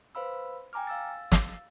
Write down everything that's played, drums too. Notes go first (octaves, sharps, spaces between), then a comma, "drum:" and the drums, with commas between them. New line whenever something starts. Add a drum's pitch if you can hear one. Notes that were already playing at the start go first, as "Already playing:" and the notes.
B4 C5 F5 B5 E6
G5 G#5 A#5 D6 F6
F5 E6 A6
drum: snare